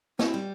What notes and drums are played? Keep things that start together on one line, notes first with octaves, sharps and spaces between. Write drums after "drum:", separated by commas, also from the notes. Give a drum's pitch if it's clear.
C4 E4, drum: snare
G3